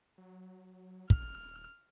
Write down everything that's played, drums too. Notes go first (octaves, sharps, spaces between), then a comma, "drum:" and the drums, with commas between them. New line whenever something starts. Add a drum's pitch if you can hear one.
F#3
D#1 F6, drum: kick